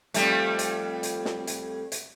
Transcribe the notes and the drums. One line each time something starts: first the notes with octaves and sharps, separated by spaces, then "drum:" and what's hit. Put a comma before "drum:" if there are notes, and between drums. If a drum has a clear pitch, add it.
F2 G3 A3, drum: hi-hat
drum: hi-hat
drum: hi-hat
drum: snare
drum: hi-hat
drum: hi-hat